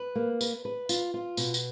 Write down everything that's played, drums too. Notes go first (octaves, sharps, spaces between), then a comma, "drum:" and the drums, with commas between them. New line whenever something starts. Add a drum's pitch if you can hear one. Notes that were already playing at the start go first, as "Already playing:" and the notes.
Already playing: B4
A#3
B4, drum: tambourine
B4
F4, drum: tambourine
F4
B2, drum: tambourine
drum: tambourine